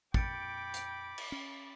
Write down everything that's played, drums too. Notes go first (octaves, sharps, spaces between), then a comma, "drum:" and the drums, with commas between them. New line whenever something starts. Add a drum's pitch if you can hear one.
F2 A#2 G5 B5 D6 A6 C#7 D7, drum: kick
drum: hi-hat
drum: cymbal
C#4